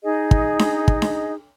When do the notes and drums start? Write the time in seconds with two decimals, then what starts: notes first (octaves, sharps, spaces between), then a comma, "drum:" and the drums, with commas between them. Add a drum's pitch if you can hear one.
0.03 D#4 G#4 D#5
0.31 drum: kick
0.59 drum: snare D4
0.88 drum: kick
1.02 drum: snare D4